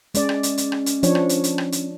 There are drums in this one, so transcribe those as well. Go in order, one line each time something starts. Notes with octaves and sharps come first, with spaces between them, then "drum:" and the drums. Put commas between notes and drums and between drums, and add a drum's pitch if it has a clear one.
G#3 C#4 D5, drum: hi-hat
drum: rim click
drum: hi-hat
drum: hi-hat
drum: rim click
drum: hi-hat
F3 D4 C#5, drum: hi-hat
drum: rim click
drum: hi-hat
drum: hi-hat
drum: rim click
drum: hi-hat